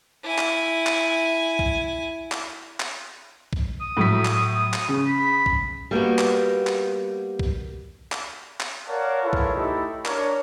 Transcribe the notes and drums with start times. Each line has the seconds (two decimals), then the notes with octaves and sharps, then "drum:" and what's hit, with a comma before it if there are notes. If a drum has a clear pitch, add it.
0.24 E4 G#5
0.38 drum: clap
0.87 drum: clap
1.59 drum: kick
2.32 drum: clap
2.80 drum: clap
3.53 drum: kick
3.81 D#6
3.97 A2 F#3 B6
4.25 drum: clap
4.74 drum: clap
4.88 C#3 C#4
5.07 B5
5.46 drum: kick
5.91 G3 A#3 B3 F#4
6.19 drum: clap
6.67 drum: clap
7.39 drum: kick
8.12 drum: clap
8.60 drum: clap
8.88 A#4 C#5 D5 F5 F#5 A5
9.23 E4 F4 G#4 A4 B4 C#5
9.33 drum: kick
9.55 A3 D#4 E4 G4 A4
10.05 D4 A#4 C#5, drum: clap